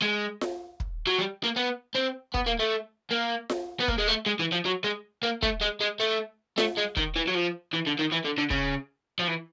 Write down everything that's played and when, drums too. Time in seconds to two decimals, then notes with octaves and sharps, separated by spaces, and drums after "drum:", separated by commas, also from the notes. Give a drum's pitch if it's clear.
0.02 G#3
0.41 drum: snare F4
0.80 drum: kick
1.07 F#3
1.18 G3
1.44 A#3
1.57 B3
1.95 C4
2.34 B3, drum: kick
2.47 A#3
2.60 A3
3.11 A#3
3.50 drum: snare F4
3.80 B3
3.88 A#3, drum: kick
3.98 G#3
4.07 A3
4.26 G#3
4.39 E3
4.52 F3
4.65 F#3
4.84 G#3
5.23 A#3
5.43 A3, drum: kick
5.61 G#3
5.81 G#3
6.00 A3
6.58 A3, drum: snare F4
6.77 G#3
6.97 D#3, drum: kick
7.16 E3
7.27 F#3
7.34 F3
7.73 E3
7.86 D3
7.99 D#3
8.12 E3
8.24 D3
8.38 D3
8.50 C#3, drum: kick
9.19 F3
9.28 E3